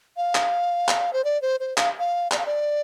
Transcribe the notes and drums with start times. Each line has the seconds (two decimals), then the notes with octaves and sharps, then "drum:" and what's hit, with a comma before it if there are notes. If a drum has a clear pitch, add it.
0.17 F5
0.35 drum: clap
0.88 drum: clap
1.13 C5
1.24 D5
1.42 C5
1.60 C5
1.77 F5, drum: clap
1.99 F5
2.31 D5, drum: clap
2.39 F5
2.46 D5